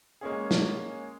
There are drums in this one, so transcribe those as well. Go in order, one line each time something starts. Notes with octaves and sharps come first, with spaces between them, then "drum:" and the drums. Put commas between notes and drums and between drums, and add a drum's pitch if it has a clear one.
G#3 A#3 C#4 G#4
drum: snare